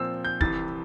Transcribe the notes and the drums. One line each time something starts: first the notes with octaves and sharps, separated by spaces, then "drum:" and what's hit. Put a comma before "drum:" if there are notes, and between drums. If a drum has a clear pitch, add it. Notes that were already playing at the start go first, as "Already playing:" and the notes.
Already playing: A#2 F3 C4 E6
G6
C2 C3 E3 A6, drum: kick